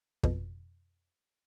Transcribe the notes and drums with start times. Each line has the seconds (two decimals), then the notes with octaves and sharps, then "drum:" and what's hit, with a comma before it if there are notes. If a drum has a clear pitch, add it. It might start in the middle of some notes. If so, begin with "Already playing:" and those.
0.23 F2 B2, drum: kick